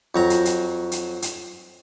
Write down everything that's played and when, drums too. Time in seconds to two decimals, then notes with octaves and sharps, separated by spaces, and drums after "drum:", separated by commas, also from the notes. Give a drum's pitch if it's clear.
0.15 F2 F#3 A#5
0.30 drum: hi-hat
0.45 drum: hi-hat
0.92 drum: hi-hat
1.22 drum: hi-hat